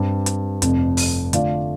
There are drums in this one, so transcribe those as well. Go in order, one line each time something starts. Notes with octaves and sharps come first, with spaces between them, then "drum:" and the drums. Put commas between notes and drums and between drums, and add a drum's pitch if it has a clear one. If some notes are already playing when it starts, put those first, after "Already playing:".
Already playing: G2 G3 C4 G4
drum: hi-hat
F1 F2 C3, drum: hi-hat
drum: open hi-hat
D3 A3 F4 D5 F5, drum: hi-hat